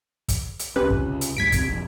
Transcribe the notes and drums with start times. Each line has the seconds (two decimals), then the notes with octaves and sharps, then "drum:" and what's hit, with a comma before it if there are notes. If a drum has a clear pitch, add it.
0.28 drum: kick, hi-hat
0.59 drum: hi-hat
0.76 C#2 C3 C#4 B4
0.90 drum: kick
1.21 drum: hi-hat
1.37 A1 D#2 G#3 G#6 B6 D7
1.52 C#2 C3, drum: kick, hi-hat
1.65 F1 A#1